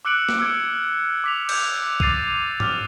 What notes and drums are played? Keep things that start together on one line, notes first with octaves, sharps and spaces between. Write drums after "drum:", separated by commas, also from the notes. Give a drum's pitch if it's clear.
D6 E6 F#6 C#7 D7 F#7
drum: snare
D6 E6 F6 G#6 D7
D6 B6 F7
G6 G#6, drum: cymbal
D6 A6 C7 D#7 F7, drum: kick
D6 F6, drum: tom G#2